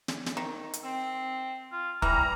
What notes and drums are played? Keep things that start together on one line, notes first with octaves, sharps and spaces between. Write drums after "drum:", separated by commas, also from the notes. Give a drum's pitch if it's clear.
drum: snare
drum: snare
D#3
drum: hi-hat
C4
F4
E3 G3 A#5 F6, drum: kick